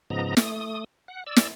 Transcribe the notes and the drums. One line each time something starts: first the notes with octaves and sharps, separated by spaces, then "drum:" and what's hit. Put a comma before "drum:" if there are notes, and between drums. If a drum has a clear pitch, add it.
G#2 C#3 F3 B3 D#5 A#5
A3 D#6, drum: snare
F#5
D5 E6
drum: snare